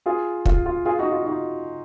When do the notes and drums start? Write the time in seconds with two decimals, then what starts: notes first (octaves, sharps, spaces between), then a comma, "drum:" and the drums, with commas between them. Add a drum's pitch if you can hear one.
0.06 F4 G#4
0.46 F4, drum: kick
0.66 F4
0.85 F4 G#4
0.99 D#4 F#4
1.12 F4
1.25 D#4 F#4